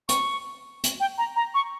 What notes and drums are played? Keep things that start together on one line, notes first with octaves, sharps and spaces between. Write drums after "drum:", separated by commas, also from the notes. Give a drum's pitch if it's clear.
C#6, drum: hi-hat
drum: hi-hat
G5
A#5
A#5
C#6